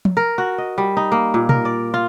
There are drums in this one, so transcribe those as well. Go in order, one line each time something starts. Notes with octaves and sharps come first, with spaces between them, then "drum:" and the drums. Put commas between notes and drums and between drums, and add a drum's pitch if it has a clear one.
drum: tom F3
A#4
F#4
D#5
G3
D#4
A#3
A#2
A#4, drum: tom B2
D5
F4